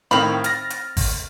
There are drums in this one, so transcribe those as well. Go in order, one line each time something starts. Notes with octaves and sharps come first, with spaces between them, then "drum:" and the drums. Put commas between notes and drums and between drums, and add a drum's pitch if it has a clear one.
A2 D#3 C4 F5 B5
F6 A6 A#6, drum: hi-hat
drum: hi-hat
drum: kick G#1, open hi-hat